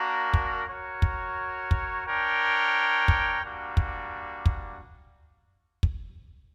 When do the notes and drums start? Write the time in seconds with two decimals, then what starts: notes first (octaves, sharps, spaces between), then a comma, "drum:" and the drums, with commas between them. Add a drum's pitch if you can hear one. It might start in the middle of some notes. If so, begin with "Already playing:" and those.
Already playing: A#3 D4 F#4 A#4
0.34 drum: kick
0.67 F#4 A#4 C#5
1.02 drum: kick
1.71 drum: kick
2.06 D4 A#4 C#5 G5
3.08 drum: kick
3.42 G3 A#3 D4 F#4
3.77 drum: kick
4.46 drum: kick
5.83 drum: kick